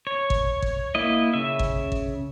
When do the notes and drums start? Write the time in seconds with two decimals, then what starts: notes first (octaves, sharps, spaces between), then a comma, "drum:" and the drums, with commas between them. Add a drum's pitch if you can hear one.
0.07 C#5
0.30 drum: kick G#1
0.62 drum: kick G#1
0.95 A#3 E4 D#5
1.34 C#3 E5
1.59 drum: kick G#1
1.92 drum: kick G#1